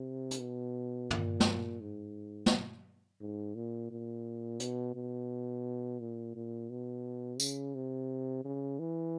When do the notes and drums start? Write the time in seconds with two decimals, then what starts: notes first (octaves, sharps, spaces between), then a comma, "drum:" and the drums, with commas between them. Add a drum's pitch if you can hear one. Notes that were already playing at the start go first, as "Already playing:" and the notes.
Already playing: C3
0.31 drum: hi-hat
0.40 B2
1.11 A#2, drum: tom
1.40 drum: snare
1.81 G#2
2.46 drum: snare
3.21 G#2
3.55 A#2
3.91 A#2
4.60 B2, drum: hi-hat
4.95 B2
6.00 A#2
6.36 A#2
6.70 B2
7.40 C#3, drum: tambourine
7.75 C3
8.44 C#3
8.79 E3